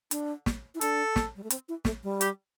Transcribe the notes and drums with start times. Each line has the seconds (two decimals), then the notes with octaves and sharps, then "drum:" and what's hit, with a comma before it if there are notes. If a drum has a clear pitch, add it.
0.11 D4, drum: hi-hat
0.46 drum: snare
0.75 E4
0.81 D4 A4, drum: hi-hat
1.16 drum: snare
1.36 G3
1.44 A3
1.50 C4, drum: hi-hat
1.69 E4
1.85 A3, drum: snare
2.03 G3
2.21 G4, drum: hi-hat